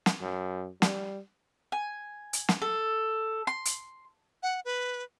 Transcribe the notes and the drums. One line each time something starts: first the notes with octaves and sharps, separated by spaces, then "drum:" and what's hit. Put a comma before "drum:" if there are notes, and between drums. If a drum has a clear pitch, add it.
drum: snare
F#2
G3, drum: snare
G#5
drum: hi-hat
drum: snare
A4
C6
drum: hi-hat
F#5
B4